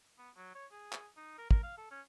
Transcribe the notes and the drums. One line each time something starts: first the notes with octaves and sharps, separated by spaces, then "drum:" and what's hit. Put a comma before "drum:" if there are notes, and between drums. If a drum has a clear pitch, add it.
B3
F#3
C#5
G#4
drum: clap
D#4
A#4
A#4, drum: kick
F5
A4
C#4